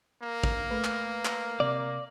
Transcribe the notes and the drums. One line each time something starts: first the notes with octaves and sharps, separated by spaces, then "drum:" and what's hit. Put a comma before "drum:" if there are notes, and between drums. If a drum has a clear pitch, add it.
A#3 A#4
drum: kick
A3 B4
drum: clap
drum: clap
C3 D5